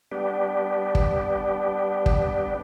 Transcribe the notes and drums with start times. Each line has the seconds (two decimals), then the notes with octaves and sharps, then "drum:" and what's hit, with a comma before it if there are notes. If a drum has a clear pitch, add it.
0.12 G3 B3 D4 G4
0.95 drum: kick
2.06 drum: kick